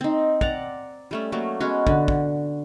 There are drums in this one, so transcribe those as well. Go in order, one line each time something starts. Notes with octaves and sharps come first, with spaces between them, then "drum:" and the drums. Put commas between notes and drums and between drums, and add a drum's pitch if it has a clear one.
C4 D#4
D5 F#5 A#5, drum: kick
G3 A3 C#4
F#3 A3 A#3
G#3 B3 C#4 F#4
D3, drum: kick
drum: kick